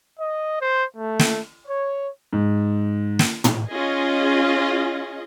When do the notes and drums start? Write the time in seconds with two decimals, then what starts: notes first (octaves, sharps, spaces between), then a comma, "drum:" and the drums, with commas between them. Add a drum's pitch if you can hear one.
0.20 D#5
0.61 C5
0.97 A3
1.19 drum: snare
1.67 C#5
2.33 G#2
3.19 drum: snare
3.44 drum: tom
3.72 C#4 F4 G#4 D#5